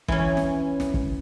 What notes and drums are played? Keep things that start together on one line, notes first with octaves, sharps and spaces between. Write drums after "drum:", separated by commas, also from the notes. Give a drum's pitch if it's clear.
E3 C#4, drum: kick
drum: snare
drum: snare
drum: kick